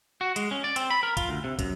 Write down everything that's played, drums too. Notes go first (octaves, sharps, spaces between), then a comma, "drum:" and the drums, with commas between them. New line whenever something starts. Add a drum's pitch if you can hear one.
F#4
G#3, drum: hi-hat
C#4
D5
C4, drum: hi-hat
B5
A#4
F4, drum: kick, hi-hat
D2
C3
F#2, drum: kick, hi-hat